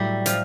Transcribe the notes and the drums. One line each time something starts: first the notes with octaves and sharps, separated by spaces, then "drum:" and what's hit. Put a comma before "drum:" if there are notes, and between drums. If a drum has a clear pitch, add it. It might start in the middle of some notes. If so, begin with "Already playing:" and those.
Already playing: A2 F#3 G3 A3
F3, drum: hi-hat